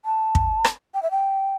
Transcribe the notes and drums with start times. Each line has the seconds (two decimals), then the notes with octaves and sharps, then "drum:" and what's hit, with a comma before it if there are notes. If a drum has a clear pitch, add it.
0.05 A5
0.35 drum: kick
0.64 drum: rim click
0.94 G5
1.02 E5
1.11 G5